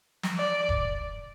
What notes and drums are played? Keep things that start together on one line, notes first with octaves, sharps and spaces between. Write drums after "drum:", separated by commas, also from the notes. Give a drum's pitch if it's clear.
drum: snare
D5
drum: kick E1